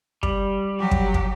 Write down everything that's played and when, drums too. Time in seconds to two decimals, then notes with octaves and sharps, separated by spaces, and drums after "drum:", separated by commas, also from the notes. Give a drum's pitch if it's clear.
0.23 G3, drum: kick
0.79 F#3 G4
0.91 drum: kick
1.14 drum: kick